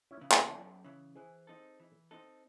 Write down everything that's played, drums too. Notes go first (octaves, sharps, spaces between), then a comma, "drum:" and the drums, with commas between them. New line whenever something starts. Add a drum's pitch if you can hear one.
C#4 E4
C#3 E3
E4 G#4, drum: clap
F#2
C#3 E3
E3 G#4 C5
C4 D#4 A4
E3
C4 D#4 A4